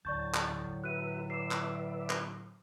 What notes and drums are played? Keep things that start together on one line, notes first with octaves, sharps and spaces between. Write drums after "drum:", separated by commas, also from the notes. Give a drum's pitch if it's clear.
D2 A2 D3 F#3 D5 A5 C#6 G6
drum: clap
F#4 B4 E5 F#6 D#7
B4 D5 E5 C7 E7
drum: clap
drum: clap